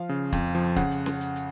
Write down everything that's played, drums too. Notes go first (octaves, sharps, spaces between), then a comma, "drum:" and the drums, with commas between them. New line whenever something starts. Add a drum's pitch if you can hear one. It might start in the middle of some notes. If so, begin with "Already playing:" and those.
Already playing: F3 F5
C#3
F2, drum: kick, hi-hat
F3
C#3 F#5, drum: kick, hi-hat
drum: hi-hat
drum: snare C#4
drum: hi-hat
drum: hi-hat